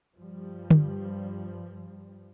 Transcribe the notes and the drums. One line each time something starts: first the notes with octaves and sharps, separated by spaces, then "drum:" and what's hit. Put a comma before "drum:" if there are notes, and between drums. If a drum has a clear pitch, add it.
G2 F3 G3
drum: tom D3